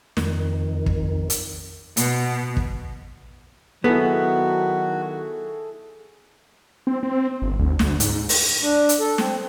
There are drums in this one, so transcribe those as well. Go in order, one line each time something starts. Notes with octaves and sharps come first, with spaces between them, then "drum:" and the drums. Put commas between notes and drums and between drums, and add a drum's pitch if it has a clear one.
F2 D#3, drum: snare
drum: kick
drum: hi-hat
B2, drum: hi-hat
drum: kick
D#3 F#3 B3 E4 F#4 G#4 A4
C4
C4
G1
D2
D2, drum: snare
G#2, drum: hi-hat
drum: open hi-hat
D4
drum: hi-hat
A4
C4, drum: snare